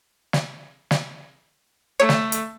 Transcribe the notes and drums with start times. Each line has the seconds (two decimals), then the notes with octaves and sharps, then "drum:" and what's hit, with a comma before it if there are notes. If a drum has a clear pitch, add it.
0.33 drum: snare
0.91 drum: snare
2.00 A3 C#5
2.09 drum: snare
2.32 drum: hi-hat